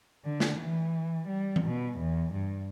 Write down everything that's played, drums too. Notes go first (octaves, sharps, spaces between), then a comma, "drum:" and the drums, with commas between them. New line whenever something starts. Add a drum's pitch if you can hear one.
D3
drum: snare
E3
G3
drum: tom E3
B2
E2
G2